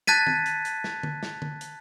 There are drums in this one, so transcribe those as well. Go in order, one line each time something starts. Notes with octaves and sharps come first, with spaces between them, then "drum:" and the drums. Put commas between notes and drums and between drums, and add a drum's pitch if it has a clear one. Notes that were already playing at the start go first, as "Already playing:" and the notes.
A5 F#6 G#6 A6 B6 D#7, drum: snare
drum: tom D#3
drum: hi-hat
drum: hi-hat
drum: snare
drum: tom
drum: snare
drum: tom
drum: hi-hat